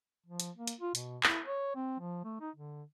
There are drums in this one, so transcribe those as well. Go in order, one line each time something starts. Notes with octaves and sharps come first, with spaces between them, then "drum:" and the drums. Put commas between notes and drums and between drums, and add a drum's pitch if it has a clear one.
F3
drum: hi-hat
A#3
drum: hi-hat
F4
B2, drum: hi-hat
E4, drum: clap
C#5
C4
F3
A3
D#4
D3